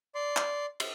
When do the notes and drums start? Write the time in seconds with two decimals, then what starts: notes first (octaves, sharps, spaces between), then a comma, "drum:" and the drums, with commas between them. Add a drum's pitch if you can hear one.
0.15 D5 C6
0.37 drum: clap
0.80 drum: cymbal